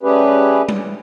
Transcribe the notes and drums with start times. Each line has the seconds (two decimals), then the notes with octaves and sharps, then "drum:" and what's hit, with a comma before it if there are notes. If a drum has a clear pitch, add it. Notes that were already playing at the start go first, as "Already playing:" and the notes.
0.03 G3 A3 C#4 G4 G#4 B4
0.69 drum: tom G3